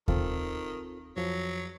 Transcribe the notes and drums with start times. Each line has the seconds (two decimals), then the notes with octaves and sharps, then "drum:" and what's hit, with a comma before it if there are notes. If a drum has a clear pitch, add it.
0.08 D#3 C4 F4 A4, drum: kick D#2
1.17 F2 F3 F#3